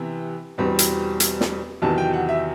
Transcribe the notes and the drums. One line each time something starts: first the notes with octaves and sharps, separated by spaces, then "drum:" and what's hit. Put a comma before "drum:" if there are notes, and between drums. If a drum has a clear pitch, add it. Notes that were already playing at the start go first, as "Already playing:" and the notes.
Already playing: C3 E3 B3
E2 B2 G3 C4
drum: hi-hat
drum: hi-hat
drum: snare
E2 C3 D#3 F#3 A5
G5
F#5
E5